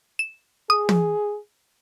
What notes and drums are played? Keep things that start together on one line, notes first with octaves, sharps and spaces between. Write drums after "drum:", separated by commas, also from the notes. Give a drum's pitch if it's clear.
E7
G#4 D#6
drum: tom